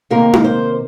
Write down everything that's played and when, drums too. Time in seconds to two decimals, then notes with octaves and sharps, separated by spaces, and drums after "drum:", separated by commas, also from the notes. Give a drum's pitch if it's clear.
0.10 C3 D#3 A#3 A#4
0.33 drum: tom D#4
0.44 C5